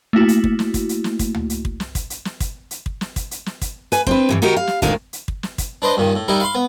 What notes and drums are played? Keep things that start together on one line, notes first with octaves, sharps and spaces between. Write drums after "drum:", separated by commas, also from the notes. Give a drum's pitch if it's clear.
A3 A#3 E4 F#4
drum: hi-hat
drum: kick
drum: snare
drum: kick, hi-hat
drum: hi-hat
drum: snare
drum: kick, hi-hat
drum: tom C#2
drum: hi-hat
drum: kick
drum: snare
drum: kick, hi-hat
drum: hi-hat
drum: snare
drum: kick, hi-hat
drum: hi-hat
drum: kick
drum: snare
drum: kick, hi-hat
drum: hi-hat
drum: snare
drum: kick, hi-hat
B4 G#5, drum: hi-hat
C4 D4 B4, drum: kick
G2 D3 E3
D#3 D#4 F#4 G4 A#4
F5
drum: snare
D2 A#2 D#3 G#3 D4 F5, drum: kick, hi-hat
drum: hi-hat
drum: kick
drum: snare
drum: kick, hi-hat
D4 B4 C5 D#5
G2 A#2 D#3
A2
G3 D#4 E4 A#4
F5 B5 C6
B3